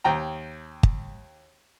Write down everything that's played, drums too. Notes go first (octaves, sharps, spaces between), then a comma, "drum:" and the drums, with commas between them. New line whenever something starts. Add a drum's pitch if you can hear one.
D#2 G5 A#5
drum: kick